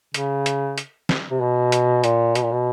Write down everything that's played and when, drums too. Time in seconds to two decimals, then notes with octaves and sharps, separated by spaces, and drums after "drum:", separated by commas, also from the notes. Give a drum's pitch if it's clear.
0.14 C#3, drum: hi-hat
0.46 drum: hi-hat
0.78 drum: hi-hat
1.09 drum: snare
1.31 C3
1.41 B2
1.72 drum: hi-hat
2.04 A#2, drum: hi-hat
2.35 B2, drum: hi-hat
2.43 A#2
2.52 B2